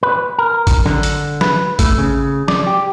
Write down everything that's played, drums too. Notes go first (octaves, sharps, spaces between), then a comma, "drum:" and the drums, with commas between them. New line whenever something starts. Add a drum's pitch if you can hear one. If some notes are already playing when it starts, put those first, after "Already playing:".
B4
A#4
drum: kick G#1, hi-hat
D3, drum: snare
drum: hi-hat
B4, drum: snare
A3, drum: kick G#1, hi-hat
C#3
D5, drum: snare
G4